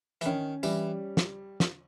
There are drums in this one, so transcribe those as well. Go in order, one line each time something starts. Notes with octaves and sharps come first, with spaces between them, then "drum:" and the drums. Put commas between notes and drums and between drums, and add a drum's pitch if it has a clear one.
E3, drum: hi-hat
D#3 C#4
E3 G3, drum: tambourine
drum: snare
drum: snare